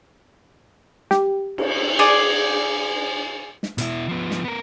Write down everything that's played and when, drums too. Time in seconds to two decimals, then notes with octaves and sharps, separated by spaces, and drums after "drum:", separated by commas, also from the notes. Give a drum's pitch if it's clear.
1.11 G4, drum: snare
1.58 drum: cymbal
1.99 G#4 D5
3.63 drum: snare
3.78 B2 E4, drum: hi-hat
4.09 F3 B3
4.31 drum: snare
4.44 B3 A#4